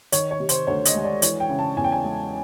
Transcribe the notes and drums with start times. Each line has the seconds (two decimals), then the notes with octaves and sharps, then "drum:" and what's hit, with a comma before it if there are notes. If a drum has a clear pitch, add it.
0.12 D#3 C#5, drum: hi-hat
0.31 C#5
0.40 C3
0.49 C5, drum: hi-hat
0.67 D2 C#5
0.85 D#5, drum: hi-hat
0.95 G#3
1.04 D5
1.22 E3 C#5, drum: hi-hat
1.40 G5
1.49 C#3
1.59 A5
1.77 E2 G#5
1.84 G5
1.92 G#5
2.04 G#3